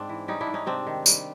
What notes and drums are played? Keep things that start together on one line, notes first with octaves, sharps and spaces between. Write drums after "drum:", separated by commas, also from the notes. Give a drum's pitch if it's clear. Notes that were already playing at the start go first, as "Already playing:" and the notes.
Already playing: G#2 C4 D4
E3
G3 C#4 D#4
D4 E4
G#2
C#4 D#4
C3 C4 D4
D#3
G3, drum: tambourine